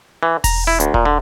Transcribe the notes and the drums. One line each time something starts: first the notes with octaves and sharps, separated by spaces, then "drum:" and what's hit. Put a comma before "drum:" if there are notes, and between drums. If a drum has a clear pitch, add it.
E3
A#5, drum: kick E1, open hi-hat
E4
D2, drum: hi-hat
A#2, drum: kick E1
D3